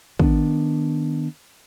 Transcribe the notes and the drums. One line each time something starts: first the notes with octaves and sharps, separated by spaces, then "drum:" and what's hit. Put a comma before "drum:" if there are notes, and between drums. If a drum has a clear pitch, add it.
D#3 B3 D4, drum: kick